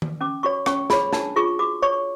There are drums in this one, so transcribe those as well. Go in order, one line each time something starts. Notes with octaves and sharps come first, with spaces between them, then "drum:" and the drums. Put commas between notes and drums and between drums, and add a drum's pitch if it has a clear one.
drum: tom D#3
C#4 D6
F#4 C#5 C#6
C#4 C#6, drum: rim click
G#4 C#5 B5, drum: snare
D4 A5, drum: snare
F4 G#4 C#6
F#4 D6
C#5 C#6